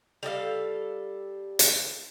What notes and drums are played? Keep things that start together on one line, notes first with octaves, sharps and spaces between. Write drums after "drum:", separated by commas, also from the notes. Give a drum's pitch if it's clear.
G3 A4 D#5 F5
drum: hi-hat